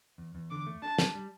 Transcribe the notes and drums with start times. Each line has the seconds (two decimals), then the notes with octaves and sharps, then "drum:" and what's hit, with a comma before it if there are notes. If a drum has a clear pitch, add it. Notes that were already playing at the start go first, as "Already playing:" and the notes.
0.18 E2
0.35 E2
0.51 D3 D6
0.67 A3
0.82 D4 A5
0.98 G3, drum: snare
1.15 G3